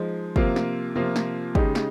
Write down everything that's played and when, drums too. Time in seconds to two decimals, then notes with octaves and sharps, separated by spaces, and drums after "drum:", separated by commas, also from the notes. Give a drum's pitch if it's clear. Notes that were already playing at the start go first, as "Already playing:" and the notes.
Already playing: F3 G#3 D#4
0.36 C3 F3 A#3 F4, drum: kick
0.56 drum: snare
0.95 C3 F3 A#3 F4
1.16 drum: snare
1.55 C#3 G#3 D#4 G4, drum: kick
1.75 drum: snare